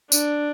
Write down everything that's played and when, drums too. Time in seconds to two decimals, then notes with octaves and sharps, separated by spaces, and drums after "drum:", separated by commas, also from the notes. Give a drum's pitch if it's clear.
0.12 D4, drum: tambourine